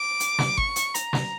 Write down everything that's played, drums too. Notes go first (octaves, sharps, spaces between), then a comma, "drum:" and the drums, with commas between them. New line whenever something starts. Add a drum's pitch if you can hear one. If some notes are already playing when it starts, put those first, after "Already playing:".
Already playing: D6
drum: hi-hat
drum: snare
C#6, drum: kick G1
drum: hi-hat
A#5, drum: hi-hat
drum: snare